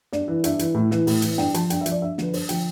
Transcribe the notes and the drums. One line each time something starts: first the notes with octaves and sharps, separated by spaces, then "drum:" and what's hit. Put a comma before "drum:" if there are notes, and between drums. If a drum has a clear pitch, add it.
G2 D5, drum: snare
E3
G2 E5, drum: hi-hat
E3, drum: hi-hat
A2
E3, drum: snare
A2, drum: open hi-hat
E3, drum: hi-hat
G2 G5, drum: snare
F3 A5, drum: hi-hat
G2 G5, drum: hi-hat
E5
F3, drum: hi-hat
D5
G2 E5
D3 F3 B4, drum: snare
G2 C5, drum: open hi-hat
D3 F3 G5, drum: hi-hat